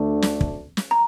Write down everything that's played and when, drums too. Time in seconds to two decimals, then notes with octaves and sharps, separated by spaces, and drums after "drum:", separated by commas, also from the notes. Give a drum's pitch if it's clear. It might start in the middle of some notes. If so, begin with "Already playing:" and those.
Already playing: D2 D3 A3 D4
0.22 drum: snare
0.41 drum: kick
0.77 drum: snare
0.91 A#5